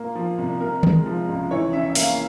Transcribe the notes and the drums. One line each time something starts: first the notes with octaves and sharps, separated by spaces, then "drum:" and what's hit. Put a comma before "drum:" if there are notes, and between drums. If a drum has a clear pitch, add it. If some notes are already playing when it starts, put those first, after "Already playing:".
Already playing: A#2 A#3
F3
C2
C3 A#4
G#3, drum: tom
F3
C#2
E3 C#5
C#4 E5
E5
A#3 F5, drum: open hi-hat